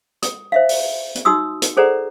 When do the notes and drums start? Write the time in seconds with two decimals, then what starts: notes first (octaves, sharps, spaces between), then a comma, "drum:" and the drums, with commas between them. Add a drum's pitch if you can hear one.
0.22 D#6, drum: hi-hat
0.52 C5 E5 F5
0.69 drum: open hi-hat
1.15 drum: hi-hat
1.25 D#4 F#4 C6 D#6 E6
1.62 drum: hi-hat
1.77 G#4 A4 C5 D5 F#5 A#5